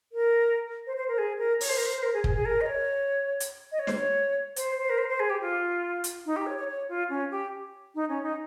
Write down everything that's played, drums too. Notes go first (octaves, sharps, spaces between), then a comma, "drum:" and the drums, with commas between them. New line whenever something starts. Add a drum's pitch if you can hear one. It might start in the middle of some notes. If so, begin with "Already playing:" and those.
A#4
C5
C5
A#4
G#4
A#4
C#5, drum: open hi-hat
C5
A#4
C5
C5
A#4
G#4
G#4, drum: kick
G#4
A#4
D#5
C#5
drum: hi-hat
D#5
C#5
C5, drum: snare
C#5
C5, drum: hi-hat
C5
A#4
C5
C5
G#4
G4
F4
drum: hi-hat
D#4
G4
C#5
C#5
C#5
F4
C#4
G4
D#4
C#4
D#4